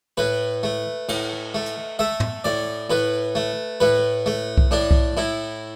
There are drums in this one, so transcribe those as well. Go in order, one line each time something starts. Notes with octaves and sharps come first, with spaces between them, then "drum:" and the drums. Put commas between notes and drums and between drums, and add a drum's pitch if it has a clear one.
A2 B4
A3
A2, drum: cymbal
A3
drum: hi-hat
A3 E5
drum: tom
A2 D5
A2 B4
A3
A2 B4
A3
drum: kick B1
A2 D4
drum: kick B1
A2 E4